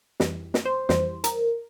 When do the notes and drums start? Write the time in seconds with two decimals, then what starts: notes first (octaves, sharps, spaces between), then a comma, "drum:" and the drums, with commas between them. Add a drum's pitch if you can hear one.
0.20 F2 E3 G3, drum: snare
0.54 drum: snare
0.66 C5
0.89 F2 E3 G3 C5, drum: snare
1.24 A#4, drum: hi-hat